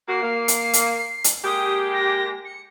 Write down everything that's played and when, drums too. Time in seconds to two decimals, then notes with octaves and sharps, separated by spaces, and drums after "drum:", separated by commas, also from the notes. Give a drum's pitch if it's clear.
0.08 A#3 F#4 C7
0.23 A#3
0.48 drum: hi-hat
0.74 drum: hi-hat
1.24 drum: hi-hat
1.44 G#3 A#3 G4 D#6
1.93 A#6
2.45 C#7